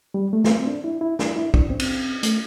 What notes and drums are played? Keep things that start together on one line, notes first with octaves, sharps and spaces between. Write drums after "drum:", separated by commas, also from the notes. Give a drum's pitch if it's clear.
G3
A3
A3, drum: snare
C4
D4
E4
E4
D4, drum: snare
E4
D4, drum: kick
C4
drum: cymbal
A3, drum: hi-hat